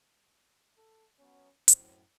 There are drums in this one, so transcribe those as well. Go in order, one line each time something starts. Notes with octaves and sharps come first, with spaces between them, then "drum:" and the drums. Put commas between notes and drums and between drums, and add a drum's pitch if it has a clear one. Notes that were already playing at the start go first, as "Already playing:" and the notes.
A4
F#3 B3 C#4
F#2 A2 C4, drum: hi-hat